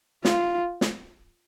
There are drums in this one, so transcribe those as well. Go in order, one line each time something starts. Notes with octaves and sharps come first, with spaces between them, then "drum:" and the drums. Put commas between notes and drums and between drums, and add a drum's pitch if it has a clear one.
F4, drum: snare
drum: snare